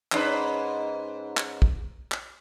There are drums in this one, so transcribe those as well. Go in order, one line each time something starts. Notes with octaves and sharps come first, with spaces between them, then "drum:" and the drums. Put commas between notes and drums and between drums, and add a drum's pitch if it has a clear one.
G#2 C#4 B4, drum: clap
drum: clap
drum: kick
drum: clap